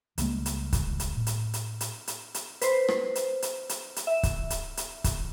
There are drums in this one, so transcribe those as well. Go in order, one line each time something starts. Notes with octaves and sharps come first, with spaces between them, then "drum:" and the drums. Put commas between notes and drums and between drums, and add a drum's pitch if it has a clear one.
C#2 G3 G#3 A#3, drum: hi-hat
drum: hi-hat
drum: kick, hi-hat
drum: hi-hat
A2
drum: hi-hat
drum: hi-hat
drum: hi-hat
drum: hi-hat
drum: hi-hat
B4 C5, drum: hi-hat
drum: rim click
drum: hi-hat
drum: hi-hat
drum: hi-hat
drum: hi-hat
E5
drum: kick, hi-hat
drum: hi-hat
drum: hi-hat
drum: kick, hi-hat